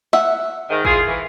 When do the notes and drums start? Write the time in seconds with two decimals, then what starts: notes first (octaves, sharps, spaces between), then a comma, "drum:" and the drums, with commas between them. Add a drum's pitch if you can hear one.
0.13 E5 F#5, drum: snare
0.70 G#2 D#3
0.85 E4 F4 G#4, drum: kick
1.07 E3